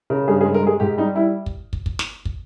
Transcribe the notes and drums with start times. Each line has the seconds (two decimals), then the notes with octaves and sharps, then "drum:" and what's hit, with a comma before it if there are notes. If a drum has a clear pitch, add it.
0.10 C#3 A#4
0.28 G2 G#4
0.41 G#4
0.45 G#3
0.54 A#4
0.63 G#3 G#4
0.80 G#2 G4
0.98 G3 D#4
1.15 G3 E4
1.46 drum: kick
1.73 drum: kick
1.86 drum: kick
1.99 drum: snare
2.25 drum: kick